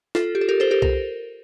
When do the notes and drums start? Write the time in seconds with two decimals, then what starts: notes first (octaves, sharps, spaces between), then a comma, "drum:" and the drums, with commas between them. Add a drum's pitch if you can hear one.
0.15 F4 A4, drum: snare
0.35 G4
0.41 A4
0.49 G4 A#4
0.60 A4 C5
0.71 G4 A#4
0.82 A#4, drum: kick C2